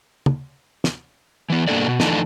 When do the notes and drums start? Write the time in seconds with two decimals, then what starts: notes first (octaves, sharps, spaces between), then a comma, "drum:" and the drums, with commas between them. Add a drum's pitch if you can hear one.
0.26 drum: tom
0.84 drum: snare
1.50 E3 B3
1.68 G2 B2 A#3 D4 A4 D5
1.87 B2
2.00 D3 E3 F3 A3 D4 D#4, drum: snare